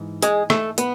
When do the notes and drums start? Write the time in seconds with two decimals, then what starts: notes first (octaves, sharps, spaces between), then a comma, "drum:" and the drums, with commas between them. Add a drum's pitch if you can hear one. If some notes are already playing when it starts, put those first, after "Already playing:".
Already playing: G#2 E3
0.22 G#3 G#4, drum: hi-hat
0.50 A3 A4, drum: rim click
0.78 B3 B4, drum: hi-hat